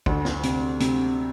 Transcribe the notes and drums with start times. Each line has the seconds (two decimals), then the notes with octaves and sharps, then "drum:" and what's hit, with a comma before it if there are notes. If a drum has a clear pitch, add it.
0.06 D2, drum: kick
0.25 drum: snare
0.43 C3, drum: hi-hat
0.80 C3, drum: hi-hat